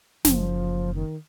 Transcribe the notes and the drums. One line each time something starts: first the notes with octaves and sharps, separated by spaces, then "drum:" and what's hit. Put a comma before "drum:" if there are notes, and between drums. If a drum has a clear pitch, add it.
F#1 F3, drum: snare
D#3